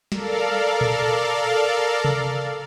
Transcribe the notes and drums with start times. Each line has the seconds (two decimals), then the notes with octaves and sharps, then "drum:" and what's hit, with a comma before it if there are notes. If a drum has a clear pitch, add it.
0.12 A4 A#4 D5 F5, drum: snare
0.81 drum: tom A#2
2.04 drum: tom C3